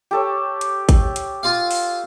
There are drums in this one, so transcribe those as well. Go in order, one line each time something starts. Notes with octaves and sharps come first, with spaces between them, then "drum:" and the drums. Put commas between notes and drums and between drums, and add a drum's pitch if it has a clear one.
G4 A4 C#5
drum: hi-hat
drum: kick G#1, hi-hat
drum: hi-hat
F4 F5
drum: open hi-hat